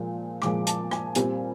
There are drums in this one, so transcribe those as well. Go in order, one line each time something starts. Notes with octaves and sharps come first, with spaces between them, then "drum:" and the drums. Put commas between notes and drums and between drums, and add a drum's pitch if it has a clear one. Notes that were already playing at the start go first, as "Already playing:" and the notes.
Already playing: A#2 F3 G#3
A#2 F3 G#3 D6, drum: rim click
A5, drum: hi-hat
G#5, drum: rim click
A#2 G3 C4 G#5, drum: hi-hat